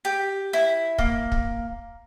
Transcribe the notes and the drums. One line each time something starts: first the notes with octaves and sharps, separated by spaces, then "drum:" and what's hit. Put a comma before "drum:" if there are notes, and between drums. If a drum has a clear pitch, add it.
G4
E4
A#3, drum: kick
drum: kick